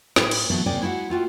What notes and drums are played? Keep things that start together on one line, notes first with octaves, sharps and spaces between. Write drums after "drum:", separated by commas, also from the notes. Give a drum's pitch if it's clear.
A2 B4, drum: snare
drum: cymbal
B2 D3 E3 F#3 A3 B3
D#2 C3 C4 G#4 D5 G5
G#3 E4 F#4 E5 F#5
A3 F4 F#4 G5